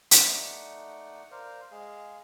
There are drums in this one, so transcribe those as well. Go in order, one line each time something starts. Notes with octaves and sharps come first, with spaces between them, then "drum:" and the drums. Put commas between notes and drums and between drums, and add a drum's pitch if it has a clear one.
drum: hi-hat
A3 D#4 D5 F#5
A#4 C5 D5 F5
G#3 G#4 F5